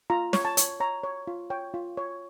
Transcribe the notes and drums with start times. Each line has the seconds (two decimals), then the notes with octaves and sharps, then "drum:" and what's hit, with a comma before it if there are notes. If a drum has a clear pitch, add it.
0.10 F4 A#5
0.33 C#5, drum: snare
0.45 A5
0.57 C#5, drum: hi-hat
0.80 C#5 A#5
1.04 C#5
1.27 F4
1.50 C#5 G5
1.74 F4
1.97 C#5